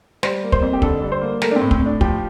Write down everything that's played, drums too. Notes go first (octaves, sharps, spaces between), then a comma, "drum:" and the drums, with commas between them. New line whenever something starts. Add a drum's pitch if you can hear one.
G3 C5, drum: snare
A#3
C5, drum: kick
F2
G4
D3 A4, drum: kick
G3
C5
A#3
A3 A#4, drum: snare
D4
C4
A2
C4, drum: kick
A2 D4
F3 G4, drum: kick